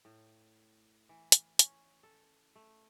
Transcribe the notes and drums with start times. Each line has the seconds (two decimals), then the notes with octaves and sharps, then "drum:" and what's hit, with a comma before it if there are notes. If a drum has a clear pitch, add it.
0.05 A2
1.09 E3
1.32 drum: hi-hat
1.59 C#4, drum: hi-hat
2.03 A4
2.55 A3